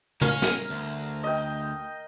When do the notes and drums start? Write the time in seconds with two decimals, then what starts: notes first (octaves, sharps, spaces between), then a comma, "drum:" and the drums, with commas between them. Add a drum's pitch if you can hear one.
0.21 C#4 A#4 F5, drum: tom
0.42 drum: snare
0.70 D2
1.24 D#5 G5